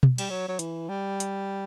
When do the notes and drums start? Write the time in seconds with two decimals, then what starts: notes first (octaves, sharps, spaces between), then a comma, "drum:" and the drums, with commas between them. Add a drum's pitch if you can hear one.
0.03 drum: tom B2
0.18 G3, drum: cymbal
0.30 F#3
0.48 F#3
0.59 E3, drum: hi-hat
0.89 G3
1.20 drum: hi-hat